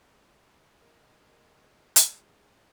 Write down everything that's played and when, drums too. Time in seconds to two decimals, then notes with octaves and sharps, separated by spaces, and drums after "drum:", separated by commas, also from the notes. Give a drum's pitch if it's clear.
0.82 G#4 A#4 D#5
1.96 drum: hi-hat